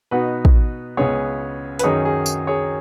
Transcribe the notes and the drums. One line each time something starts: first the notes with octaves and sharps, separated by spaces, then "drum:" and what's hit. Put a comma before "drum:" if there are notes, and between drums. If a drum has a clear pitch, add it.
B2 B3 D#4 F#4 B4
drum: kick
C#2 C#3 B3 G#4 C#5
B4, drum: hi-hat
F#2 D#3 F#3 D#4 G#4 C#5
G#4
drum: tambourine
G#4 C#5